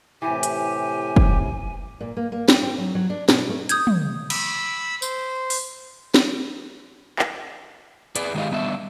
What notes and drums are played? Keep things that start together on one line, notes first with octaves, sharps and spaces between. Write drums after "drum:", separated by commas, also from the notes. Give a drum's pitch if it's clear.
A2 C3 E3 G4 G#5
drum: hi-hat
drum: kick
A#2
A#3
A#3
G4, drum: snare
C4
F#3
F#3
D4
B2, drum: snare
A3
D#6 G6 G#6, drum: hi-hat
drum: tom
B5 E6, drum: cymbal
C5, drum: tambourine
drum: open hi-hat
drum: snare
drum: clap
G#4 B4 D5, drum: hi-hat
D#3 G#3 G4 D#5 F5
G3 B3 D4 E5